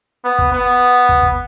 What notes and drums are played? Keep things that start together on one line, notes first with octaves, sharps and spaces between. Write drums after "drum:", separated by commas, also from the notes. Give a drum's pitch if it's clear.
B3
drum: kick
B3
drum: kick
drum: kick